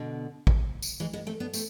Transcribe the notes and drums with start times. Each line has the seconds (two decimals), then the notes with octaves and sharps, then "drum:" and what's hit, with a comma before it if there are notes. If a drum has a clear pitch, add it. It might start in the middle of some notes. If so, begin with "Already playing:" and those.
Already playing: B2 D3
0.47 drum: kick
0.82 drum: tambourine
1.00 E3 G#3
1.13 G#3 B3
1.27 A3 C4
1.40 B3 D4
1.54 A3 C4, drum: tambourine